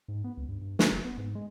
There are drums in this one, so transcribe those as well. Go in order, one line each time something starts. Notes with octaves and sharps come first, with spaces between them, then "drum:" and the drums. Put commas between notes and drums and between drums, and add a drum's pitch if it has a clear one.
G#2
B3
C#2
G2
G2
D3, drum: snare
F#1
B3
G#2
G#3